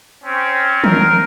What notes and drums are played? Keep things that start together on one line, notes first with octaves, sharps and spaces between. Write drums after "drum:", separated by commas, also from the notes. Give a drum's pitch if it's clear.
C4 C#4
A#4, drum: tom D#3